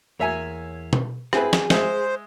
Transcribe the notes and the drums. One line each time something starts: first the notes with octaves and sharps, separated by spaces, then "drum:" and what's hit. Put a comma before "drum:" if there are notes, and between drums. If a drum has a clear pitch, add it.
E2 A#3 C#5 E5 G#5
drum: tom
C4 E4 G#4 B4, drum: rim click
drum: snare
G#3 C5 E5, drum: snare